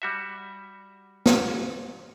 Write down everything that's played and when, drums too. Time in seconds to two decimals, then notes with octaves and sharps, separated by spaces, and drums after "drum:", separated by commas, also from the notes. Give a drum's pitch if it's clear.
0.02 G3 F#4 E5
1.26 drum: snare